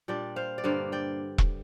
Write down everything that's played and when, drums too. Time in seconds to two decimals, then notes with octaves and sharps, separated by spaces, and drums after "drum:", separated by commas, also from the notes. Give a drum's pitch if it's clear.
0.08 A#2 G3 D4 D5 G5
0.36 C5 F5
0.58 D5
0.64 G2 D3 A#3 C5 F5
0.92 D5 G5
1.38 drum: kick E1